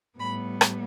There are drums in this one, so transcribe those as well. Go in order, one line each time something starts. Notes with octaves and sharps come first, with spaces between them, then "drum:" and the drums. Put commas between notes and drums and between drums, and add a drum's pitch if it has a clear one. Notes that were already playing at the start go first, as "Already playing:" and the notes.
A2 G3 B3 B5
drum: rim click